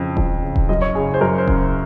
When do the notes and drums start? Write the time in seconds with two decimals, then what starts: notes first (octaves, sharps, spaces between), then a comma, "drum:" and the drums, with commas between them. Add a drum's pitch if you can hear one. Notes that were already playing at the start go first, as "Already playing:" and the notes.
Already playing: F2 C#3
0.17 F2, drum: kick D#1
0.42 C#3
0.56 drum: kick D#1
0.69 F#2 D#5
0.82 C#5
0.95 C#3 G#4
1.14 C5
1.21 F#2 A#4
1.38 C5
1.48 C#3, drum: kick D#1